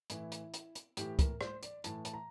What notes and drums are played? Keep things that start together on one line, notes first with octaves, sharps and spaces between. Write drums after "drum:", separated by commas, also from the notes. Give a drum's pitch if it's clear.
A2 E3 E4, drum: hi-hat
drum: hi-hat
drum: hi-hat
drum: hi-hat
A2 E3 G4, drum: hi-hat
A#4, drum: kick, hi-hat
C5, drum: rim click
D5, drum: hi-hat
A2 E3 A5, drum: hi-hat
A5, drum: hi-hat
A#5